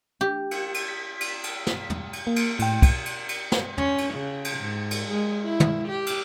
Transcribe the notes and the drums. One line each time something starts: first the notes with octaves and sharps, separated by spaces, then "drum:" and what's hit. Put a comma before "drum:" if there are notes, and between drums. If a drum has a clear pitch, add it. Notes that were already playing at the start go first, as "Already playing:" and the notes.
G4
drum: cymbal
drum: cymbal
B6
drum: cymbal
drum: cymbal
drum: snare
drum: tom
drum: cymbal
A#3
drum: cymbal
A2 G5, drum: cymbal
drum: kick, cymbal
drum: cymbal
drum: cymbal
drum: snare
C#4, drum: tom
drum: cymbal
C#3
drum: cymbal
G#2
drum: cymbal
G#3
E4
drum: tom
G4
drum: cymbal